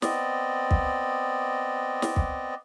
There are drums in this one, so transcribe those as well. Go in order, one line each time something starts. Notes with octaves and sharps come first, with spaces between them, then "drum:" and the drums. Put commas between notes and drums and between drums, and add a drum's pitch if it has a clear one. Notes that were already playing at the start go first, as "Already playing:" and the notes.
B3 C4 D5 D#5, drum: snare
drum: kick
drum: snare
drum: kick